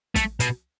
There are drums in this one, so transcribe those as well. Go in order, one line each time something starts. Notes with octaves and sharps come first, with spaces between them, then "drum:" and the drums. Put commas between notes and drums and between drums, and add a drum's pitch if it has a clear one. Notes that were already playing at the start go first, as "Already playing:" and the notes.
A3, drum: kick, hi-hat
B2, drum: hi-hat